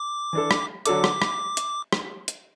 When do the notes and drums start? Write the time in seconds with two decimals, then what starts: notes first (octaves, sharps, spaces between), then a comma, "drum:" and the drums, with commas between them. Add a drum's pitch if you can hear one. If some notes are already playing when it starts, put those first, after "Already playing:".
Already playing: D6
0.33 E3 D4 A4
0.51 drum: rim click
0.86 D3 F#3 D4 A4 D6, drum: hi-hat
1.04 drum: rim click
1.22 drum: rim click
1.57 drum: hi-hat
1.93 drum: rim click
2.28 drum: hi-hat